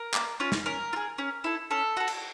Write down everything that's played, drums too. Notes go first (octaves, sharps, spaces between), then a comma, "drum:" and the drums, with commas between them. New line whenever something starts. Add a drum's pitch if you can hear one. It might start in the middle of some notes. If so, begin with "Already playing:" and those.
Already playing: A#4
A#3, drum: clap
C#4 F4
drum: snare
C#4 A#4
F4
G#4
C#4
E4 A4
C#4 A4
F#4 A4
drum: cymbal